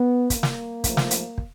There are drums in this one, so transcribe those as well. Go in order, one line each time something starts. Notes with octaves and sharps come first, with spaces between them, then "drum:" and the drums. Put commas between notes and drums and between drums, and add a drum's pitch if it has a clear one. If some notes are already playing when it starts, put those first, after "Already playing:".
Already playing: B3
A#3, drum: kick, hi-hat
drum: snare
G#2 F3 A3, drum: kick, hi-hat
drum: snare
drum: hi-hat
drum: kick